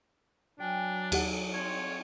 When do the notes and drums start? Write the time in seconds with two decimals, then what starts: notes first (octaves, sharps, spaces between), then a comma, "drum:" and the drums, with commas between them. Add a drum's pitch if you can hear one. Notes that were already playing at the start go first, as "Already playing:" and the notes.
0.60 F#3 D4 G5 G#5 F6
1.12 D#2 G4 F#5, drum: cymbal
1.54 C4 F#4 C#5 F5